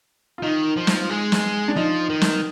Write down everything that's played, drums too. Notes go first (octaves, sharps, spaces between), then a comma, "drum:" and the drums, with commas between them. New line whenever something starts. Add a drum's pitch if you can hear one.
F4
D#3 D#4
F3
drum: snare
G#3
drum: snare
D4
F3 D#4
D#3
drum: snare